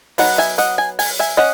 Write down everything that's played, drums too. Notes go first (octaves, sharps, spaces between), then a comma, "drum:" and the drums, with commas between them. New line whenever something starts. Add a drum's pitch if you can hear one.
F#3 B3 D#4 F#5, drum: open hi-hat
E5 G#5
D#5 F#5, drum: hi-hat
G#5
G#5, drum: open hi-hat
E5 G#5
C#4 D#5 F#5